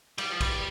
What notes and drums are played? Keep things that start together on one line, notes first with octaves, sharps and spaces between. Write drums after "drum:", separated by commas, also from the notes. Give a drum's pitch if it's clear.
G3, drum: cymbal
F3
G3, drum: kick, cymbal